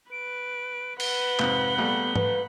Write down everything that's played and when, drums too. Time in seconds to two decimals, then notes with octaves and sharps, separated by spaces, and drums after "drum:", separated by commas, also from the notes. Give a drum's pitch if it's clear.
0.12 B4 D7
1.00 B4 F#5 B5 G7, drum: cymbal
1.39 F2 G#2 C3, drum: clap
1.78 A#1 G3 A3 B3
2.16 B4, drum: tom